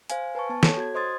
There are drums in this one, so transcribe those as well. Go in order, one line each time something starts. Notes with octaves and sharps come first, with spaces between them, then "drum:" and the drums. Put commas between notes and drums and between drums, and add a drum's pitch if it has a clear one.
C5 F5 G#5, drum: hi-hat
B4 G#5 A5 C#6
B3 A5
A4 C#5, drum: snare
F#4 G#6
C5 D#5 C6 D#6 G#6 A6